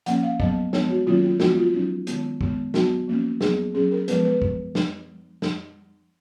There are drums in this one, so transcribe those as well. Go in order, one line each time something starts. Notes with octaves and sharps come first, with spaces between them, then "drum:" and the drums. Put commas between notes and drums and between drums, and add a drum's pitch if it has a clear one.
F3 A#3 C#4 F#5, drum: hi-hat
F5
F#3 B3 D#5, drum: kick
F3 G#3 B3 C#5, drum: snare
F#4
D#3 F#3 A#3 C#4 F4
F4
F3 G#3 B3 F#4, drum: snare
F4
F#3 C#4 D#4
D#3 G#3 B3, drum: hi-hat
D#3 G#3 B3, drum: kick
F#3 B3 F#4, drum: snare
F3 A#3 C#4
F#3 G#4, drum: snare
B3
F#3 C#4 G#4
A#4
F3 G#3 B3 B4, drum: hi-hat
B4
drum: kick
drum: snare
drum: snare